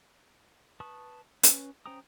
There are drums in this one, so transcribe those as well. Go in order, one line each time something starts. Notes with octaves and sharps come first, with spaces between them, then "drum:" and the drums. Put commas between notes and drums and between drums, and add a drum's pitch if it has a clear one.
B4 A5 C#6 D#6
C#4 B4, drum: hi-hat
C#4 C5 G5 A#5 D#6